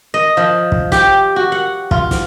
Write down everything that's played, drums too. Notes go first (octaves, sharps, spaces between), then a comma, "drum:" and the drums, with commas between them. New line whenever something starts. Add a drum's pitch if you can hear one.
D#5
F3
drum: kick
G4, drum: snare
F#4
F#5
F4, drum: kick
drum: snare